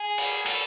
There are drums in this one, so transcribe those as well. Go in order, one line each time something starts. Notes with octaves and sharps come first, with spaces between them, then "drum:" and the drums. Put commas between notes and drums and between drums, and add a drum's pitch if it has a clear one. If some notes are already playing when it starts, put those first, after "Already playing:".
Already playing: G#4
drum: cymbal
A4, drum: cymbal